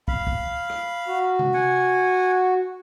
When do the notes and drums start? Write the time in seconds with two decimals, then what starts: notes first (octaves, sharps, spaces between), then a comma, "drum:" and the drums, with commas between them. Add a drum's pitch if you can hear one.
0.08 F5 B5, drum: kick
0.27 drum: kick
0.70 drum: rim click
1.08 F#4
1.39 drum: tom C3
1.54 F#5 G#5